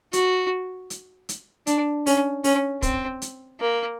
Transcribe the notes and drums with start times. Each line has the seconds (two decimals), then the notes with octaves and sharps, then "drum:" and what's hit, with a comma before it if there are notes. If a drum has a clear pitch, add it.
0.13 F#4, drum: hi-hat
0.90 drum: hi-hat
1.29 drum: hi-hat
1.67 D4, drum: hi-hat
2.06 C#4, drum: open hi-hat
2.44 C#4, drum: open hi-hat
2.82 C4, drum: kick, hi-hat
3.22 drum: hi-hat
3.61 A#3